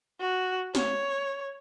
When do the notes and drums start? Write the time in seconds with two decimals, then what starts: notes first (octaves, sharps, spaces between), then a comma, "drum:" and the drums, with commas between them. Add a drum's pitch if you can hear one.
0.20 F#4
0.75 C#5, drum: snare